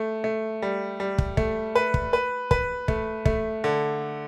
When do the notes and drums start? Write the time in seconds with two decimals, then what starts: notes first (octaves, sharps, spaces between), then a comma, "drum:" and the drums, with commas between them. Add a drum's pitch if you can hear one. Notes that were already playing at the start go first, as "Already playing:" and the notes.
Already playing: A3
0.24 A3
0.62 G3
1.00 G3
1.18 drum: kick
1.37 A3, drum: kick
1.75 B4
1.94 drum: kick
2.13 B4
2.51 B4, drum: kick
2.88 A3, drum: kick
3.26 A3, drum: kick
3.64 D3